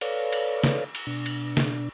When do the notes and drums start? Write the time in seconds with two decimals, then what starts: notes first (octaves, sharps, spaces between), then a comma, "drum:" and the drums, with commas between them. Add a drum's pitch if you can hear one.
0.01 A4 B4 C#5 D5 F5, drum: cymbal
0.32 drum: cymbal
0.64 drum: snare
0.95 drum: cymbal
1.07 B2 D4
1.26 drum: cymbal
1.57 drum: snare